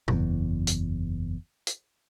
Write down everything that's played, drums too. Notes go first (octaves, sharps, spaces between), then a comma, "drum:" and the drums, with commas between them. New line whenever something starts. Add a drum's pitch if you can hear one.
F#1 E2, drum: tom A#2
drum: hi-hat
drum: hi-hat